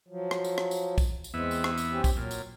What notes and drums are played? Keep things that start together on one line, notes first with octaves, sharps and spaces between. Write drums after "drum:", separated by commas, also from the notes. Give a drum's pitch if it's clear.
F3 F#3
drum: rim click
drum: tambourine
drum: rim click
drum: tambourine
drum: kick, tambourine
drum: tambourine
E2 G#3 B3 C4 E5
drum: tambourine
drum: rim click
drum: tambourine
C4 C#4 G4
drum: kick, tambourine
A#2 F#3
drum: tambourine